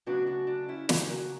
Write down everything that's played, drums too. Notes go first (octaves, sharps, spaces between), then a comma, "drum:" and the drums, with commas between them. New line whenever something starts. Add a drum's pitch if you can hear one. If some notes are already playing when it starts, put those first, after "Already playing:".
D2 C#3 F#3 B3 D4 F#4
D4 F#4
D4
C#4 E4
D2 C#3 F#3 B3 E4 G4, drum: snare
F#4 A#4